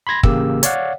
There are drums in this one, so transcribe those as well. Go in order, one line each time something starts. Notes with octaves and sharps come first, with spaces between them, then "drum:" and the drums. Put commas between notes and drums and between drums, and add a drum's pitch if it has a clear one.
B5 C6 G#6 A#6
A1 C#3 A#3 G4 E6, drum: kick
C#5 D5 F5 F#5, drum: hi-hat